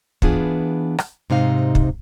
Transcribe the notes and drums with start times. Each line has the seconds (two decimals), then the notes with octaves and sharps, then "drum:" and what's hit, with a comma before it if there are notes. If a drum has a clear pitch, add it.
0.22 E3 B3 D4 F4 G#4, drum: kick
0.98 drum: rim click
1.30 G#2 C3 D#4 F5
1.75 drum: kick